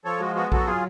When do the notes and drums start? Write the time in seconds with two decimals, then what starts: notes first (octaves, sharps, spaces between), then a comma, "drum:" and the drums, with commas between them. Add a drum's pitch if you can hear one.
0.05 F3 A4 C#5
0.20 G#3 F#4
0.36 B3 F#4
0.52 F#3 F#4 A4, drum: kick A#1
0.67 F4 G#4